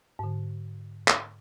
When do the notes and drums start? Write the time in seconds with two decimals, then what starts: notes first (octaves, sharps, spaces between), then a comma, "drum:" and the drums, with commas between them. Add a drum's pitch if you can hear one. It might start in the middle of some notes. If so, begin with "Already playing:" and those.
0.19 G#2 D3
1.08 drum: clap